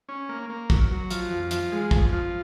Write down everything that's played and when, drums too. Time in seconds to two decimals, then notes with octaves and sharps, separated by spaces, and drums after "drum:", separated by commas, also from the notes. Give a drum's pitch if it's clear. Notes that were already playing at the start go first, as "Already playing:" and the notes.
0.09 C#4
0.29 A#3
0.50 A#3
0.70 F#3, drum: kick
0.91 F#3
1.11 F3, drum: hi-hat
1.30 F2
1.51 F3, drum: hi-hat
1.72 G#3
1.91 F2, drum: kick
2.12 F3